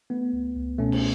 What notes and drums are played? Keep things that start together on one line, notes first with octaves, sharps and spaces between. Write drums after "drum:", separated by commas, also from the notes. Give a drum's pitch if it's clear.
A3 B3
C#2
C#2
B2 A3 C#4
drum: cymbal